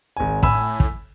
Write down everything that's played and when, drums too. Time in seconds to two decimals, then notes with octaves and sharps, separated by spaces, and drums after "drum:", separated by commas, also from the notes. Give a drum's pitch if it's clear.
0.17 G#1 G#5
0.43 A2 G#5 B5 E6, drum: kick
0.80 drum: kick